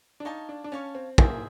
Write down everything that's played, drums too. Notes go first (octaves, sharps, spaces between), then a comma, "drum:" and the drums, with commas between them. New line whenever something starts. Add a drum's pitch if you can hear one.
D4
D#4 C#5 F5 A5
D4
D4
C#4 C#5 F5 A5
C4
A#3 G#4 C5 E5, drum: kick